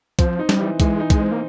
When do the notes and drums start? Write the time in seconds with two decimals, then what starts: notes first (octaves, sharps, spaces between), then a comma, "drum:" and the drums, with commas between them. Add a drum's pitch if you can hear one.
0.19 F3 C4, drum: kick B1, hi-hat
0.39 D#4
0.49 G3, drum: snare
0.60 E3
0.80 E3 G#3, drum: kick B1, hi-hat
1.00 D#4
1.10 G#3, drum: kick B1, hi-hat
1.21 C4
1.32 A#3